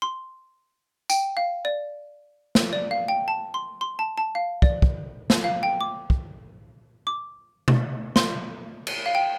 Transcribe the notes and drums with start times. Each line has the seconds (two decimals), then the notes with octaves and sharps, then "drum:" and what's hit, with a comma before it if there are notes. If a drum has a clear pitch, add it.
0.02 C6
1.10 G5, drum: tambourine
1.37 F5
1.65 D5
2.55 drum: snare
2.73 D5
2.91 F5
3.08 G5
3.28 A5
3.54 C6
3.81 C6
3.99 A5
4.18 A5
4.35 F5
4.62 D5, drum: kick
4.82 drum: kick
5.30 drum: snare
5.44 F5
5.63 G5
5.81 D6
6.10 drum: kick
7.07 D6
7.68 drum: tom B2
8.16 C6, drum: snare
8.87 drum: cymbal
9.06 F5
9.15 G5